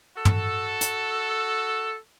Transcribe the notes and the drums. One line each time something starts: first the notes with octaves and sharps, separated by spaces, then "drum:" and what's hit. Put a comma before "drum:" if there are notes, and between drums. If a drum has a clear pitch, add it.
F#4 A4
drum: tom G2
drum: hi-hat